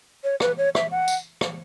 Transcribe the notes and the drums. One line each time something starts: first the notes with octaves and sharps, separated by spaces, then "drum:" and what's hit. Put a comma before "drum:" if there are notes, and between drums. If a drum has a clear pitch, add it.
C#5
B4, drum: rim click
C#5
E5, drum: rim click
F#5
drum: tambourine
drum: rim click